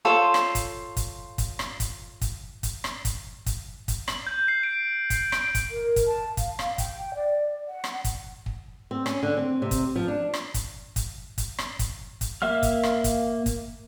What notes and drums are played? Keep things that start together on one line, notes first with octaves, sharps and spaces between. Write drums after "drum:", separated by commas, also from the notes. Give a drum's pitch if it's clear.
F4 A4 C5 C#5
drum: rim click
drum: kick, hi-hat
drum: kick, hi-hat
drum: kick, hi-hat
drum: rim click
drum: kick, hi-hat
drum: kick, hi-hat
drum: kick, hi-hat
drum: rim click
drum: kick, hi-hat
drum: kick, hi-hat
drum: kick, hi-hat
F#7, drum: rim click
G6
C7
D7
C7, drum: kick, hi-hat
D7, drum: rim click
drum: kick, hi-hat
A#4
drum: kick, hi-hat
A5
F5, drum: kick, hi-hat
drum: rim click
G5, drum: kick, hi-hat
D5
F#5
drum: rim click
drum: kick, hi-hat
drum: kick
C4
C#4, drum: rim click
D3
C4
C3
drum: kick, hi-hat
F3
D4
drum: rim click
drum: kick, hi-hat
drum: kick, hi-hat
drum: kick, hi-hat
drum: rim click
drum: kick, hi-hat
drum: kick, hi-hat
A#3 E5 F5 F6
drum: kick, hi-hat
drum: rim click
drum: kick, hi-hat
drum: kick, hi-hat